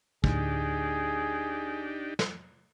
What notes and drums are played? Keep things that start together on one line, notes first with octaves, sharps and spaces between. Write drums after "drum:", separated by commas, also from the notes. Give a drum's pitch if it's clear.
D2 A2 D4 D#4 G4 G#4, drum: kick
drum: snare